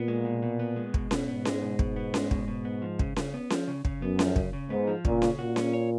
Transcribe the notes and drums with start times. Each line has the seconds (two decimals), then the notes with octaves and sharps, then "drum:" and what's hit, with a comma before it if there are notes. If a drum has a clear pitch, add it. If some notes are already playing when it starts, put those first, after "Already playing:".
Already playing: A#2 B3
0.08 G#3
0.25 B2
0.42 B2
0.59 B3
0.76 G#3
0.94 B2, drum: kick
1.11 B2, drum: snare C#4
1.28 G#2 B3
1.45 G#3, drum: snare C#4
1.62 B2
1.79 B2, drum: kick
1.96 B3
2.14 G#3, drum: snare C#4
2.31 B2, drum: kick
2.48 B2
2.65 B3
2.82 F3
2.99 C#3, drum: kick
3.16 C#3, drum: snare C#4
3.34 B3
3.50 F3, drum: snare C#4
3.67 C#3
3.85 C#3, drum: kick
4.02 F#2 B3
4.19 F3, drum: snare C#4
4.36 C#3, drum: kick
4.53 C#3
4.70 G#2 B3
4.87 F3
5.05 A#2 C#3, drum: kick
5.22 C#3, drum: snare C#4
5.39 A#2 F#4
5.56 C#4, drum: snare C#4
5.73 C#5